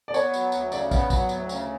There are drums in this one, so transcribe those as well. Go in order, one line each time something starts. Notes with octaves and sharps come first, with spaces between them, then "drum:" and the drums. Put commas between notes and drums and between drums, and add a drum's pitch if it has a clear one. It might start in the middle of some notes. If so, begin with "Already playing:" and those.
D5
B3 C#5, drum: tambourine
F#3, drum: tambourine
D2, drum: tambourine
C#3 D5, drum: tambourine
B3, drum: kick, tambourine
F#3, drum: kick, tambourine
D2, drum: tambourine
C#3, drum: tambourine